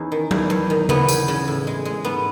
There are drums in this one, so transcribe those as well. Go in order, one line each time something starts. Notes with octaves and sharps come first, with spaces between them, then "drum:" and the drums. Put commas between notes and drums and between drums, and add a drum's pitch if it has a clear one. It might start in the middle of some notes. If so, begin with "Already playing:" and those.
Already playing: E2 C#4 D#4
D#3
E2, drum: tom F#3
E2
D#3
E2 B3, drum: tom C#3
E2, drum: tambourine
C#3
A2
G#3
G#3
G#2 B3